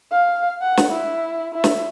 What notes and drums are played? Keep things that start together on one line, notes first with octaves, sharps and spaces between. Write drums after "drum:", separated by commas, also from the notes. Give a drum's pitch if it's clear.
F5
F#5
drum: snare
E4
E4
drum: snare